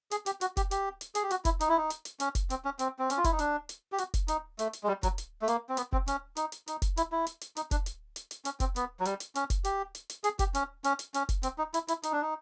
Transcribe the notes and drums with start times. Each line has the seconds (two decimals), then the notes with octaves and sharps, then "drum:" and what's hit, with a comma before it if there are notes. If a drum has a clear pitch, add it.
0.11 G#4, drum: hi-hat
0.26 G4, drum: hi-hat
0.41 F#4, drum: hi-hat
0.57 G4, drum: kick F1, hi-hat
0.71 G4, drum: hi-hat
1.01 drum: hi-hat
1.15 G#4, drum: hi-hat
1.23 G4
1.30 F#4, drum: hi-hat
1.45 E4, drum: kick F1, hi-hat
1.60 D#4, drum: hi-hat
1.69 E4
1.77 D#4
1.90 drum: hi-hat
2.05 drum: hi-hat
2.20 C#4, drum: hi-hat
2.35 drum: kick F1, hi-hat
2.50 C4, drum: hi-hat
2.65 C#4
2.79 C4, drum: hi-hat
2.99 C4
3.10 C#4, drum: hi-hat
3.17 F4
3.24 E4, drum: kick F1, hi-hat
3.32 D#4
3.39 D4, drum: hi-hat
3.69 drum: hi-hat
3.92 G4
3.98 F#4, drum: hi-hat
4.14 drum: kick F1, hi-hat
4.28 D#4, drum: hi-hat
4.59 A3, drum: hi-hat
4.73 drum: hi-hat
4.83 G#3
4.88 G3
5.03 F#3, drum: kick F1, hi-hat
5.18 drum: hi-hat
5.42 A3
5.48 A#3, drum: hi-hat
5.69 C4
5.77 B3, drum: hi-hat
5.92 C4, drum: kick F1
6.07 C#4, drum: hi-hat
6.36 D#4, drum: hi-hat
6.52 drum: hi-hat
6.67 D#4, drum: hi-hat
6.82 drum: kick F1, hi-hat
6.97 E4, drum: hi-hat
7.12 E4
7.26 drum: hi-hat
7.41 drum: hi-hat
7.56 D#4, drum: hi-hat
7.71 D4, drum: kick F1, hi-hat
7.86 drum: hi-hat
8.16 drum: hi-hat
8.31 drum: hi-hat
8.45 C#4, drum: hi-hat
8.60 C4, drum: kick F1, hi-hat
8.76 B3, drum: hi-hat
9.00 F#3
9.05 G3, drum: hi-hat
9.20 drum: hi-hat
9.35 C#4, drum: hi-hat
9.50 drum: kick F1, hi-hat
9.64 G4, drum: hi-hat
9.95 drum: hi-hat
10.10 drum: hi-hat
10.24 G#4, drum: hi-hat
10.39 G4, drum: kick F1, hi-hat
10.54 C#4, drum: hi-hat
10.84 C#4, drum: hi-hat
10.99 drum: hi-hat
11.14 C#4, drum: hi-hat
11.29 drum: kick F1, hi-hat
11.43 C4, drum: hi-hat
11.58 D#4
11.74 E4, drum: hi-hat
11.88 E4, drum: hi-hat
12.03 D#4, drum: hi-hat
12.12 D4
12.22 D#4